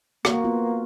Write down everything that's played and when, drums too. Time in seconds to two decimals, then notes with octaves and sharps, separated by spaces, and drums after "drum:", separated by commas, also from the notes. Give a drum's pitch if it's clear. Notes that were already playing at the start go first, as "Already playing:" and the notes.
0.25 A#3 F#4, drum: rim click
0.44 B3 F4